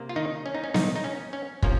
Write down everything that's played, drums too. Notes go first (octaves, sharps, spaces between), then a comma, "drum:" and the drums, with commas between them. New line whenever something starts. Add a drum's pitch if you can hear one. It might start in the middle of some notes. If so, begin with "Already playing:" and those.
Already playing: C3 A#3
F4
D#3 D#4
C#4
D#4
C#4
D#3 D#4, drum: snare B3
D#4
C#4
C#4
C3 F3 A#3 C#4, drum: kick